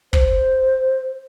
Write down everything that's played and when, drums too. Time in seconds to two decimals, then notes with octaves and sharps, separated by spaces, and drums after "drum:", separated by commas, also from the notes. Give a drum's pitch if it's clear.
0.13 C5, drum: kick